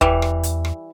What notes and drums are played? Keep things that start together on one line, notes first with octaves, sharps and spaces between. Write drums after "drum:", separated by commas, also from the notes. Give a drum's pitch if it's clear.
E2 E3 G3, drum: kick
drum: rim click
drum: hi-hat
drum: rim click